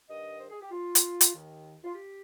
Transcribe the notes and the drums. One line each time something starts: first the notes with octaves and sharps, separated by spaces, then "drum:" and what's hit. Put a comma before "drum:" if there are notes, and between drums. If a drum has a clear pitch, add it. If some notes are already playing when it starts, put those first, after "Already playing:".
G2 D#3 D#5
C5
G#4
G4
F4
drum: hi-hat
drum: hi-hat
D#2 D#3
F4
G4